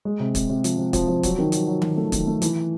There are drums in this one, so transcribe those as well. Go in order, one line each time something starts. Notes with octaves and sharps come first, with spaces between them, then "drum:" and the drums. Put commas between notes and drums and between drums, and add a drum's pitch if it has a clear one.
G#3
C3
C3, drum: kick, hi-hat
C3
F3, drum: hi-hat
C3
F3, drum: kick, hi-hat
F3
F#3, drum: kick, hi-hat
D#3
F#3, drum: hi-hat
F#3
F#3, drum: tom D#3
A3
D#3, drum: kick, hi-hat
A3
E3, drum: hi-hat